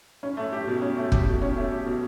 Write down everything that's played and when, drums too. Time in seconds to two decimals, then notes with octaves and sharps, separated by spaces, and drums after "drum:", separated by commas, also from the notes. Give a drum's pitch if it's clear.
0.23 C#4
0.37 A3
0.52 G4
0.67 B2
0.82 C#4
0.97 A3
1.12 G4, drum: kick
1.27 B2
1.42 C#4
1.57 A3
1.71 G4
1.86 B2